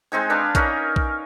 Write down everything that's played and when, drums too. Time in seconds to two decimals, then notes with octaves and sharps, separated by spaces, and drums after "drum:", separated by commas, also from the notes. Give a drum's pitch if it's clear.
0.12 G#3 C4 D#4 G#5
0.30 D4 B4 F5 G#5
0.55 C#4 D#4 A#4, drum: kick A#1, hi-hat
0.96 drum: kick A#1